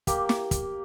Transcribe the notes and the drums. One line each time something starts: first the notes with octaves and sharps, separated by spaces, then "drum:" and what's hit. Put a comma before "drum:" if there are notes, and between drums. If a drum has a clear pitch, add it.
A#3 G4, drum: kick, hi-hat
drum: snare
drum: kick, hi-hat